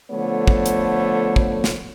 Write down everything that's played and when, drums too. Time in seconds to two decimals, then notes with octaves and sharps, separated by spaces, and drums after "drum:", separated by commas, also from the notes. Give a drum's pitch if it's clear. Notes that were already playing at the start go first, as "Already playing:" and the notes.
0.11 D3 F3 A3 B3 C#5
0.47 drum: kick
0.66 drum: hi-hat
1.36 drum: kick
1.64 drum: snare